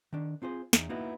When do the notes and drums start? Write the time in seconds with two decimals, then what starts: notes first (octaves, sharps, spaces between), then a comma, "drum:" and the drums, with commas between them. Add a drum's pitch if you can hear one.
0.13 D#3 D4
0.42 C4 F4 G#4 C5
0.73 E2 D#4, drum: snare
0.89 A#3 B3 D#4 E4 F#4